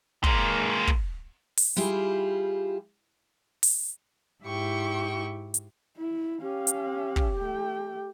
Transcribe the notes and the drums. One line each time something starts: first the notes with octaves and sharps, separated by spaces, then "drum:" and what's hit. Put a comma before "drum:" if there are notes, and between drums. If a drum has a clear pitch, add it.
G#3 A#3, drum: kick
drum: kick
drum: open hi-hat
G3 E4 F4 G4 G#4
drum: open hi-hat
G#2 E4 G4 G5 C#6
drum: hi-hat
E4
C#4 G4 F5
drum: hi-hat
drum: kick
A3 G5